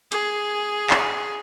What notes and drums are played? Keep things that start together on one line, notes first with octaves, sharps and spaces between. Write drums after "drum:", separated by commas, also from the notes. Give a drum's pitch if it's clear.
G#4, drum: hi-hat
drum: clap